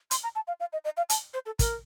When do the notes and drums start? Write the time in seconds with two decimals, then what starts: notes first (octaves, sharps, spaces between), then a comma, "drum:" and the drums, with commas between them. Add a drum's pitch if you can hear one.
0.11 C6, drum: hi-hat
0.23 A#5
0.35 A5
0.48 F5
0.60 F5
0.73 D#5
0.85 D#5
0.97 F5
1.10 A5, drum: hi-hat
1.34 C5
1.46 A4
1.59 A#4, drum: kick, hi-hat